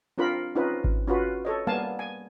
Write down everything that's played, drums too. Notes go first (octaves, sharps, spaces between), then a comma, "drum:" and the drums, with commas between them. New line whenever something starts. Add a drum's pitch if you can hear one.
C4 D4 F4 A#4 B5
C4 C#4 D#4 F4 B4
drum: kick G#1
C#4 F4 F#4 B4
A4 C#5 D#5
G3 A#3 B3 F5 G#5 A5
G#5